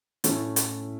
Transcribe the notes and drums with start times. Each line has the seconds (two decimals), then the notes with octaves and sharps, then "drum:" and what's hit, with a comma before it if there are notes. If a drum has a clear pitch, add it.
0.24 A2 A3 C#4 E4 C#5, drum: hi-hat
0.56 drum: hi-hat